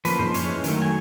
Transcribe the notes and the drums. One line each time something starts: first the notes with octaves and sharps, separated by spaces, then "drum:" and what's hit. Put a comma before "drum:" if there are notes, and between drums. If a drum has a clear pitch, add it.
F3 A#3 C#4 B4, drum: hi-hat
C5, drum: tom
E3 G#3 C#4 C#5, drum: hi-hat
D#3 F#3 A3, drum: hi-hat
G#5